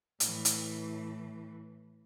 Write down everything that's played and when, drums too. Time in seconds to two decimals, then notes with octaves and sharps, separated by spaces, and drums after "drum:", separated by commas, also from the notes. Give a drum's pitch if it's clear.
0.20 A2 E3, drum: hi-hat
0.45 drum: hi-hat